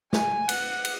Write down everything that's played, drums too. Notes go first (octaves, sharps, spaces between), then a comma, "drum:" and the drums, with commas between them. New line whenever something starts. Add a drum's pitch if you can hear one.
G#5, drum: snare
F#5, drum: cymbal
drum: cymbal